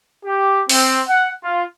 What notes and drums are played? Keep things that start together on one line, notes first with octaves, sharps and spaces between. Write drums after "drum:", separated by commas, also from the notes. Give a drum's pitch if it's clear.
G4
C4, drum: open hi-hat
F#5
F4